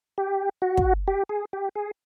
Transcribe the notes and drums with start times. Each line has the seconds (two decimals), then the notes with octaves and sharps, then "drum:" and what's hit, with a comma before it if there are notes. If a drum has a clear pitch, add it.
0.18 G4
0.62 F#4
0.77 drum: kick
1.08 G4
1.29 G#4
1.53 G4
1.75 G#4